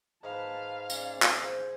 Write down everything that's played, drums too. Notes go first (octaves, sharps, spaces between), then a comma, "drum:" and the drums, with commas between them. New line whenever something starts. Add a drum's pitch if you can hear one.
G#2 B4 F5 A5
C#4 D5, drum: tambourine
drum: clap
G#4 C5